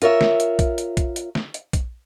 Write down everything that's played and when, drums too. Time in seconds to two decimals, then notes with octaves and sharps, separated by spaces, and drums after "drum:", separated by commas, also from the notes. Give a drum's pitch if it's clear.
0.02 F4 A#4 C#5 E5, drum: hi-hat
0.21 drum: snare
0.40 drum: hi-hat
0.59 drum: kick A#1, hi-hat
0.78 drum: hi-hat
0.97 drum: kick A#1, hi-hat
1.16 drum: hi-hat
1.35 drum: snare
1.54 drum: hi-hat
1.73 drum: kick A#1, hi-hat